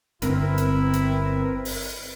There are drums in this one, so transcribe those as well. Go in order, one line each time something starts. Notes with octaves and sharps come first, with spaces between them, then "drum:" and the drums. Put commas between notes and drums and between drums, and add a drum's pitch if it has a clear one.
G1 C4 E4 A#4 B4, drum: hi-hat
drum: hi-hat
drum: hi-hat
drum: open hi-hat